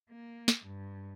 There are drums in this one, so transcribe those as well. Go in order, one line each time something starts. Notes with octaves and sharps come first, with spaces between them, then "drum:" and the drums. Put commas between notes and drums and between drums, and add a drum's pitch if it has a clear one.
A#3
drum: snare
G2